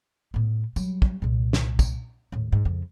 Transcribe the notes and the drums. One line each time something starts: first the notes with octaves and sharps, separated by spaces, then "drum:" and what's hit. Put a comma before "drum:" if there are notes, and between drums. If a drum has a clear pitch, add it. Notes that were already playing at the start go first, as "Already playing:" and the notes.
A2 B3
F#3 G3, drum: tambourine
drum: kick
C2 A#2
drum: snare
drum: kick, tambourine
D#2 A2
G#2
F2 C#3